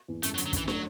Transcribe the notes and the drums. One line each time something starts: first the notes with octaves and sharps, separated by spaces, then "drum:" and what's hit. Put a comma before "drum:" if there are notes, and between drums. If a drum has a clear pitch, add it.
E2
F#2 A3, drum: hi-hat
F#3
D3, drum: hi-hat
F#3
F#2 E3, drum: kick, hi-hat
F#3 A3, drum: snare